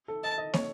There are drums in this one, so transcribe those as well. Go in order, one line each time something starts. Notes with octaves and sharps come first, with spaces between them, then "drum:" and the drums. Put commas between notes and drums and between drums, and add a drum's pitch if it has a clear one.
A4
D#5 A5
D#5
C#5, drum: snare